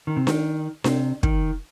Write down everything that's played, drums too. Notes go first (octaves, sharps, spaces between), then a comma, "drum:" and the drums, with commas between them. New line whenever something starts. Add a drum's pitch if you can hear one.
D#3
C3
D#3, drum: snare D4
C3, drum: snare D4
D#3, drum: kick